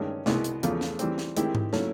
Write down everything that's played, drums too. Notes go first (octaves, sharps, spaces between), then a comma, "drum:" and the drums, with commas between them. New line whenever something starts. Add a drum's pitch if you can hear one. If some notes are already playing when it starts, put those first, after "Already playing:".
Already playing: G2 D#3 G#3 C#4
C2 B2 G#3 B3 E4, drum: snare
drum: hi-hat
E2 C#3 F3 A3, drum: hi-hat
drum: snare
E3 G3 C4, drum: hi-hat
drum: snare
D#3 G#3 C4 E4 G4, drum: hi-hat
drum: tom G#2
A#2 F#3 A3 C#4 E4, drum: snare